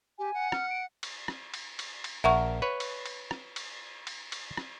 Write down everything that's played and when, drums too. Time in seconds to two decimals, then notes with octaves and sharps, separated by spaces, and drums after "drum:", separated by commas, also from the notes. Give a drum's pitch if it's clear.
0.19 G4 G#5
0.34 F#5
0.52 F6, drum: rim click
0.70 D7
1.03 drum: cymbal
1.28 drum: rim click
1.54 drum: cymbal
1.79 drum: cymbal
2.04 drum: cymbal
2.24 A#1 A#4 E5 F#5 C#6
2.62 B4 C#5
2.80 drum: cymbal
3.06 drum: cymbal
3.31 drum: rim click
3.56 drum: cymbal
4.07 drum: cymbal
4.32 drum: cymbal
4.57 drum: rim click